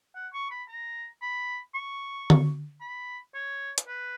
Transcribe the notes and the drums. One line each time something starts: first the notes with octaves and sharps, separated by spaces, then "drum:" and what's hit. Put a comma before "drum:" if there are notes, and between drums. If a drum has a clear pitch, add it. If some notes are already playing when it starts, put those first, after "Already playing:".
F#5
C#6
B5
A#5
B5
C#6
drum: tom D3
B5
C#5
drum: hi-hat
B4